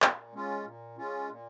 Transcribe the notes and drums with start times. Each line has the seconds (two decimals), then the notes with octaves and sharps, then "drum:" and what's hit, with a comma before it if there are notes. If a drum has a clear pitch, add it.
0.02 A#2, drum: clap
0.33 G#3 C#4 F4
0.65 A#2
0.97 G#3 C#4 F4
1.29 A#2